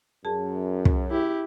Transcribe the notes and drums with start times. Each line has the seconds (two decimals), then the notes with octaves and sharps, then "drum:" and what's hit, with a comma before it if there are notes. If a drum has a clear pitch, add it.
0.25 F#2 G#4 A5
0.85 drum: kick
1.10 E4 G4